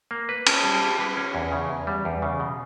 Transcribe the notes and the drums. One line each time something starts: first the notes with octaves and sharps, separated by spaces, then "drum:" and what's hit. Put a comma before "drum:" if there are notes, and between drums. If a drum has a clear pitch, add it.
A#3
B4
C#4, drum: cymbal
G3
G4
B4
C#4
E2
C#3
E2
G3
E2
C#3
B2